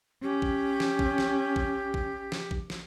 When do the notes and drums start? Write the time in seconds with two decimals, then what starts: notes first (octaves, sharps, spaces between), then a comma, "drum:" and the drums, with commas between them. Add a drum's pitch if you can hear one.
0.23 C#4 G4
0.42 drum: kick A1
0.80 drum: snare
0.99 drum: kick A1
1.18 drum: snare
1.56 drum: kick A1
1.94 drum: kick A1
2.32 drum: snare
2.51 drum: kick A1
2.70 drum: snare